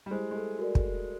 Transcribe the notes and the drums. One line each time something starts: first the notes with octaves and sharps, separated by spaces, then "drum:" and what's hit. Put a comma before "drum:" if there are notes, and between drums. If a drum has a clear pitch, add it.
G3
G#3 E4 G4 C5
G#3
A3
F#4 A#4 D5
drum: kick